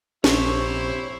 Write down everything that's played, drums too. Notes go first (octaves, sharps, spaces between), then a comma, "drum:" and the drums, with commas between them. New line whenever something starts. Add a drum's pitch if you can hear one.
A#1 C3 E4 C5 C#5, drum: snare